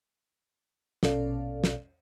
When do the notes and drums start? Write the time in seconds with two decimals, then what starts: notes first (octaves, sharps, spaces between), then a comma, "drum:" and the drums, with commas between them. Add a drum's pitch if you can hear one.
1.03 A#1 B2 C#4 A4 D5 F5, drum: snare
1.64 drum: snare